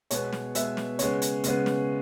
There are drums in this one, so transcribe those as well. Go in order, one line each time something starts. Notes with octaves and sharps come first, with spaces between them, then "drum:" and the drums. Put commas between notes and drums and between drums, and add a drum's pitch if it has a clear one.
B2 G#3 B3 C#5, drum: hi-hat
drum: snare
B2 G#3 B3 E5, drum: hi-hat
drum: snare
C#3 G#3 B3 C#5, drum: hi-hat
drum: hi-hat
C#3 G#3 B3, drum: hi-hat
drum: snare